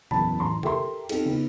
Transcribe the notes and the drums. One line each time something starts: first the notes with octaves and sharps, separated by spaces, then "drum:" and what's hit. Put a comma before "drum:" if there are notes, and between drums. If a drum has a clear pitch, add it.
F#1 E2 A5 B5, drum: tom A#2
A1 A#5 C6
G4 A4 A#4 E5 A#5 C6, drum: tom C3
C4 D#4 G4 A4, drum: cymbal
C#3 B3 D#4